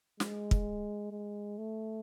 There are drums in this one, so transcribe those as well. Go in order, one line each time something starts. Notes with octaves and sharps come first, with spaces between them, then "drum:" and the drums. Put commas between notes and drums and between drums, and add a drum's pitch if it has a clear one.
G#3, drum: snare
drum: kick
G#3
A3